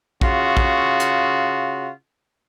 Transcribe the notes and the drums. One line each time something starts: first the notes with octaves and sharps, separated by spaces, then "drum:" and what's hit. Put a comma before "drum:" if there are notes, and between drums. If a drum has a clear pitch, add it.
C#3 F4 F#4, drum: kick
drum: kick
drum: hi-hat